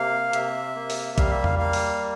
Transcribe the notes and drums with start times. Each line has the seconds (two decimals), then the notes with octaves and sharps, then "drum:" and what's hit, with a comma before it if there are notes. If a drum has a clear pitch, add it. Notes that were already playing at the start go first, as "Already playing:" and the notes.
Already playing: C3 A#3 F5
0.33 C3 E5, drum: hi-hat
0.75 A#3
0.90 drum: open hi-hat
1.18 G3 F5, drum: kick, hi-hat
1.31 E5
1.44 F5, drum: tom E2
1.59 A#3 F5
1.73 drum: open hi-hat